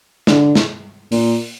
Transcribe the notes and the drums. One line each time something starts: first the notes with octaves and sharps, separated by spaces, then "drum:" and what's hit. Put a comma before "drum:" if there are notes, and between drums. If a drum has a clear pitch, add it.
D3, drum: snare
drum: snare
A#2, drum: open hi-hat